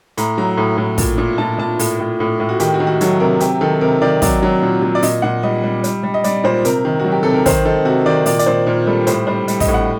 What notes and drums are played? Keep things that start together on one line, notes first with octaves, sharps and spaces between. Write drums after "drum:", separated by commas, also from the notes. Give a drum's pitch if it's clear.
A2 A#5, drum: hi-hat
F#3 A#5
A2
A2
A#2, drum: kick, open hi-hat
A#2
A#2 A5
A#2 A5
A2, drum: open hi-hat
A2
A2
A2
F#4
D#3 G4, drum: hi-hat
F#4
D#3
F#4
F#3 A4, drum: hi-hat
C3 A#4
C3 G4, drum: hi-hat
D#3 A4
C3 A#4
D#3 D5
F#3 D5, drum: kick, open hi-hat
F#3
A#2
F#3
D5
A#2 D#5, drum: open hi-hat
A#2 F#5
G3 D#5
G3
G3, drum: hi-hat
G3
D#5
G3 D5, drum: hi-hat
A#2 C5
C3 A#4, drum: hi-hat
D#3
F#3 F#4
G4
C3 A4
A#4
D#3 C5, drum: kick, open hi-hat
D#3 A4
C3 F#4
D#3 D5
A#2 D5, drum: open hi-hat
D5, drum: hi-hat
A#2 C5
A#2 A#4
G3 A4
A2 C5, drum: hi-hat
G3 C5
G3, drum: hi-hat
D#5, drum: kick, open hi-hat
A2
F#5